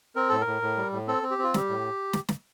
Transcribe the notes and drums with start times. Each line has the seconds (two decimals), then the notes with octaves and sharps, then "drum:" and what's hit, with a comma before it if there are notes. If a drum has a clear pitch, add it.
0.16 C4 A#4
0.29 A2 A4
0.41 A#4
0.47 A2
0.62 A2
0.77 G3
0.92 A2
1.08 C4 A4
1.23 C4
1.31 G4
1.38 C4
1.43 F4
1.54 G3 G4, drum: snare
1.69 A2
2.13 drum: snare
2.29 drum: snare